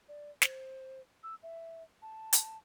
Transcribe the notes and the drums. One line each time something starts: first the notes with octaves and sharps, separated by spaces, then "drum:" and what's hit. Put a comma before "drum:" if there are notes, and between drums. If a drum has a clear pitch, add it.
D5
C5, drum: snare
E6
E5
A5
drum: hi-hat